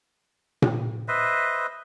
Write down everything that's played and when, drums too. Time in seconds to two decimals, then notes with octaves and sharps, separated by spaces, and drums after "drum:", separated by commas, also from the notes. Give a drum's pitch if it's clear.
0.62 drum: tom A#2
1.08 B4 C5 D#5 E5